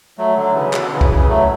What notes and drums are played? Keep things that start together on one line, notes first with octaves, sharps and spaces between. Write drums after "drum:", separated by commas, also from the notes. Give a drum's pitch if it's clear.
F#3 A3
D3 F#3
C#3 E3
B2 D3, drum: clap
C#3 E3
drum: kick B1
C#3 E3
F#3 A3